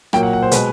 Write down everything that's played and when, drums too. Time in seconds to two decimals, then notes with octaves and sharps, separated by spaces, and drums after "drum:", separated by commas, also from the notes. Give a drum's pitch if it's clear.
0.13 A#2 F#3 A#3 G5, drum: rim click
0.23 F#5
0.33 F#5
0.43 C5
0.51 B2 G#3 B4, drum: hi-hat